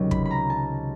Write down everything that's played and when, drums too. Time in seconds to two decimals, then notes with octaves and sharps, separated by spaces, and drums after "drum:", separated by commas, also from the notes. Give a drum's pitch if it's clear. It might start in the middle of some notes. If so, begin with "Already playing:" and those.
Already playing: C#2 C3 D#3 F#3
0.11 B5, drum: kick
0.25 B5
0.31 A#5
0.50 A5